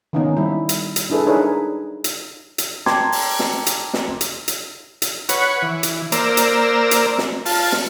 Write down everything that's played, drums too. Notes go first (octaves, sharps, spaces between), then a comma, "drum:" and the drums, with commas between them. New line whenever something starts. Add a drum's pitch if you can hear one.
D#3 A#3 B3 C#4 D#4
G3 E4
drum: hi-hat
drum: hi-hat
D4 E4 G#4 A4 B4
D4 D#4 G#4 A#4 B4 C#5
drum: hi-hat
drum: hi-hat
G5 A5 A#5 C6 D6 G#6, drum: snare
drum: open hi-hat
drum: snare
drum: hi-hat
drum: snare
drum: hi-hat
drum: hi-hat
drum: hi-hat
B4 C#5 F#5, drum: hi-hat
E3
drum: hi-hat
A#3 C5 D5 A#5 E6, drum: hi-hat
drum: hi-hat
drum: hi-hat
drum: snare
F4 A5, drum: open hi-hat
drum: snare